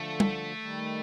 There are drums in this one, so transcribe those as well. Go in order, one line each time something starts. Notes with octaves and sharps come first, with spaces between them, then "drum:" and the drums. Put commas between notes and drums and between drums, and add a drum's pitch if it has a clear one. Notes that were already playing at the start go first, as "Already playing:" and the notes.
Already playing: D3 F3 A3
drum: tom
D#3 G3